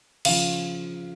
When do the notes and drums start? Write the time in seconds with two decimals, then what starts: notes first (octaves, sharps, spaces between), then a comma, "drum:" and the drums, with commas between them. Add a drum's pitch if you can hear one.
0.25 C#3 F3 F5, drum: cymbal